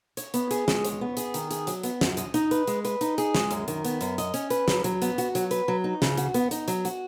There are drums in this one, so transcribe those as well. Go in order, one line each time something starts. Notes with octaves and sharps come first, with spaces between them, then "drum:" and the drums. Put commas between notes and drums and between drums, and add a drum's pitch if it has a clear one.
C#5, drum: hi-hat
B3, drum: hi-hat
G#4, drum: hi-hat
G#3, drum: snare
C#5, drum: hi-hat
B3
G#4, drum: hi-hat
D#3, drum: hi-hat
G#4, drum: hi-hat
F#3, drum: hi-hat
B3, drum: hi-hat
F#2, drum: snare
D#5, drum: hi-hat
D#4, drum: hi-hat
B4, drum: hi-hat
G#3, drum: hi-hat
B4, drum: hi-hat
D#4, drum: hi-hat
G#4, drum: hi-hat
G#3, drum: snare
F#2, drum: hi-hat
D#3, drum: hi-hat
B3, drum: hi-hat
F#2, drum: hi-hat
D#5, drum: hi-hat
C#4, drum: hi-hat
B4, drum: hi-hat
F#3, drum: snare
F#3, drum: hi-hat
B3, drum: hi-hat
F#4, drum: hi-hat
F#3, drum: hi-hat
B4, drum: hi-hat
F#3
D#4
C#3, drum: snare
F#4, drum: hi-hat
B3, drum: hi-hat
D#4, drum: hi-hat
F#3, drum: hi-hat
F#4, drum: hi-hat